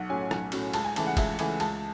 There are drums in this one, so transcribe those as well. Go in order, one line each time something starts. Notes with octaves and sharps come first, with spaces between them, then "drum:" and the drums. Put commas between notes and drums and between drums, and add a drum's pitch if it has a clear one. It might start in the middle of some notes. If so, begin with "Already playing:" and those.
Already playing: B1 F#5
A2 F#3 C#4 G#5
B1, drum: rim click
A2 F#3 C#4, drum: cymbal
C#2 A5, drum: cymbal
G#5
C#3 E3 A3 A5, drum: cymbal
F#5
C#2 E5, drum: kick, cymbal
C#3 E3 A3 G#5, drum: cymbal
C#2 A5, drum: cymbal